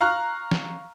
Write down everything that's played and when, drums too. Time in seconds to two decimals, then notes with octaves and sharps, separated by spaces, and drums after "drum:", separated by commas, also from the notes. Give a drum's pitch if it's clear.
0.01 F5 A#5 C#6 F6 F#6
0.51 drum: snare